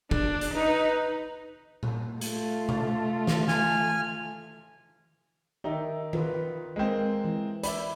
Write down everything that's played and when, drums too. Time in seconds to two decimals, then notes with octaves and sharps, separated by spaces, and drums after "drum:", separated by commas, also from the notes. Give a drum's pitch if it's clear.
0.11 D4, drum: kick
0.41 drum: hi-hat
0.54 D#4 B4
1.83 drum: tom A#2
2.21 A3 F4, drum: hi-hat
2.69 drum: tom C3
3.27 drum: snare
3.48 G#5 F6, drum: snare
5.64 D#3 D#4 G4 E5
6.13 F4 B4, drum: tom D#3
6.76 G#3 A#3 C4
7.25 E3
7.63 D5 E5 B5, drum: hi-hat